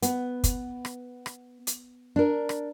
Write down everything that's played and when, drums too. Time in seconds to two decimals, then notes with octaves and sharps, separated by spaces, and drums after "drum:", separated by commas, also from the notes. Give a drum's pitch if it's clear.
0.02 B3, drum: hi-hat
0.44 drum: kick, hi-hat
0.85 drum: rim click
1.26 drum: rim click
1.67 drum: hi-hat
2.16 D4 A#4
2.49 drum: rim click